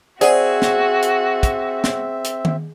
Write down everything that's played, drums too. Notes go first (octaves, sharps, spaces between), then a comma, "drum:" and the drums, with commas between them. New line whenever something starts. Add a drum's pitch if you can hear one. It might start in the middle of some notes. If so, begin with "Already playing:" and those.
C4 F#4 G#4 C5 D5 E5 F#5, drum: hi-hat
drum: snare
drum: hi-hat
drum: kick, hi-hat
drum: snare
drum: hi-hat
drum: tom D#3